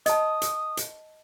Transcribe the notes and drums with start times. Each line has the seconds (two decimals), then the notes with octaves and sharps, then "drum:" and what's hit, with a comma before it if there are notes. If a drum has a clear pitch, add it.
0.06 D#5 A5 D#6, drum: hi-hat
0.42 drum: hi-hat
0.77 drum: hi-hat